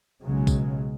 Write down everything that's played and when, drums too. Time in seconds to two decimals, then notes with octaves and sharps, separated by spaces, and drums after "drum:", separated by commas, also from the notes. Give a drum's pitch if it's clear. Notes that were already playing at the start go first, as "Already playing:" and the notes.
0.23 B1 C#3 F#3 G#3
0.47 drum: kick B1, tambourine